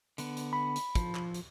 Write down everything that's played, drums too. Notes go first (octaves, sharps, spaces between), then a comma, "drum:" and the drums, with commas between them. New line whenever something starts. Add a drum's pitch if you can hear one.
D3 B3, drum: hi-hat
drum: hi-hat
B5
drum: hi-hat
F3, drum: kick, hi-hat
drum: clap
drum: hi-hat